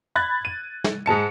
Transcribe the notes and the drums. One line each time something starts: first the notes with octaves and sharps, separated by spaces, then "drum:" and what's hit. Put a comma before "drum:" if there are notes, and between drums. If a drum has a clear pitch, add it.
B5 F#6 G#6 A6
D#7
drum: snare
G#2 G#3 A5 C#7